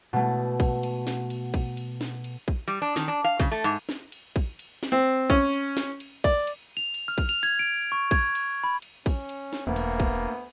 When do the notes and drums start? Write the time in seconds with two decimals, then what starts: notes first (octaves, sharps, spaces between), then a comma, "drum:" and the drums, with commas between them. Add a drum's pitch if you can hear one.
0.13 B2 A3
0.60 drum: kick, cymbal
0.83 drum: cymbal
1.07 drum: snare
1.30 drum: cymbal
1.54 drum: kick, cymbal
1.77 drum: cymbal
2.01 drum: snare
2.24 drum: cymbal
2.48 drum: kick
2.68 G3
2.82 D4
2.96 D#3, drum: snare
3.08 D4
3.24 F5
3.40 C#3, drum: kick, cymbal
3.52 A3
3.64 G#2, drum: cymbal
3.89 drum: snare
4.12 drum: cymbal
4.36 drum: kick, cymbal
4.59 drum: cymbal
4.83 drum: snare
4.92 C4
5.30 C#4, drum: kick, cymbal
5.53 drum: cymbal
5.77 drum: snare
6.00 drum: cymbal
6.24 D5, drum: kick, cymbal
6.47 drum: cymbal
6.77 F7
6.94 drum: cymbal
7.08 F6
7.18 drum: kick, cymbal
7.29 F7
7.43 G#6, drum: cymbal
7.59 D7
7.92 C#6
8.11 G#6, drum: kick, cymbal
8.35 drum: cymbal
8.64 B5
8.82 drum: cymbal
9.06 C#4, drum: kick, cymbal
9.29 drum: cymbal
9.53 drum: snare
9.67 E1 D2 A#3 B3
9.76 drum: cymbal
10.00 drum: kick, cymbal